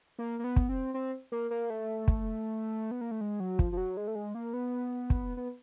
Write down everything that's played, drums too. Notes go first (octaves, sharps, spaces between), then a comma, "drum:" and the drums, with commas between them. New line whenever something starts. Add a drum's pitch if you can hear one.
A#3
A#3
B3
drum: kick
C4
C4
A#3
A#3
A3
drum: kick
B3
A#3
A3
G#3
F#3
F3, drum: kick
F3
F#3
G#3
A3
G#3
A#3
B3
drum: kick
B3